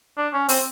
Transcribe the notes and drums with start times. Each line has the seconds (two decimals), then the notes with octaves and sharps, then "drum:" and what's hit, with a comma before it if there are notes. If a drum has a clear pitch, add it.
0.17 D4
0.33 C#4
0.49 C4, drum: open hi-hat